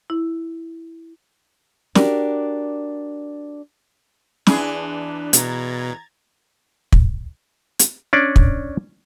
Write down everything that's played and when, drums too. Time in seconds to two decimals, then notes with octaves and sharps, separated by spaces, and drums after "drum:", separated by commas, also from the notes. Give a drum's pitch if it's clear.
0.10 E4
1.95 D4 F#4 G4 A#4 D5, drum: snare
4.47 E2 E3 D4 G#4, drum: snare
5.33 B2 A#5 G#6 A6, drum: hi-hat
6.93 drum: kick
7.79 drum: hi-hat
8.13 C#4 D4 D5
8.36 drum: kick